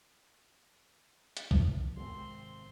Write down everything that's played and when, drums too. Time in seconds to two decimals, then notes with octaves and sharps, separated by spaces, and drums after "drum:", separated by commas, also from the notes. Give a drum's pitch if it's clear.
1.37 drum: hi-hat
1.51 drum: kick
1.97 G#1 C3 C4 C6